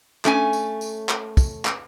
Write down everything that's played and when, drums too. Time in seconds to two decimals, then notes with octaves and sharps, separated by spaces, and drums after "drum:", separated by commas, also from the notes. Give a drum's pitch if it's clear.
0.25 A3 C#4 G#5, drum: clap
0.53 drum: tambourine
0.81 drum: tambourine
1.09 drum: clap
1.37 drum: kick, tambourine
1.65 drum: clap